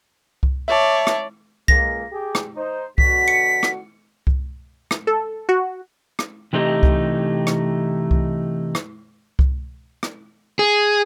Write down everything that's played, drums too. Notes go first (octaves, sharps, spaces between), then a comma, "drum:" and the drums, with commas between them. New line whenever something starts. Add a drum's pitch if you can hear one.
drum: kick C2
C#5 D5 E5 A5
drum: rim click
C#2 G#3 A#3 A#6, drum: kick C2
G4 G#4
drum: rim click
D#4 C5
B2 D3 F#4 B6, drum: kick C2
C#7
drum: rim click
drum: kick C2
drum: rim click
A4
F#4
drum: rim click
C3 E3 A3 D#4 G4 D#5
drum: kick C2
drum: rim click
drum: kick C2
drum: rim click
drum: kick C2
drum: rim click
G#4